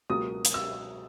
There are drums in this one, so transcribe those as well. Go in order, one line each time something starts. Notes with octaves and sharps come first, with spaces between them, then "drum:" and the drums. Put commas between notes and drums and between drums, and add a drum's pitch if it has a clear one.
C#2 B2 F#3 A#3 D#6
drum: hi-hat
E6